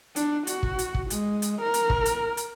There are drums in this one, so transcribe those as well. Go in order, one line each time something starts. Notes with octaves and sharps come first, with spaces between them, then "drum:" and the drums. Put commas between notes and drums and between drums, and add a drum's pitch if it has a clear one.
D4, drum: hi-hat
F#4, drum: hi-hat
drum: kick
drum: hi-hat
drum: kick
G#3, drum: hi-hat
drum: hi-hat
A#4
drum: hi-hat
drum: kick
drum: hi-hat
drum: hi-hat